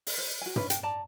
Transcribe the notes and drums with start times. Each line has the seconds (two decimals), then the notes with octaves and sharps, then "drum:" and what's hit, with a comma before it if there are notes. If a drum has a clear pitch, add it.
0.07 drum: open hi-hat
0.18 C5
0.42 F#4 G#5
0.56 C#4 B4, drum: tom
0.70 G5, drum: hi-hat
0.83 D5 A5 A#5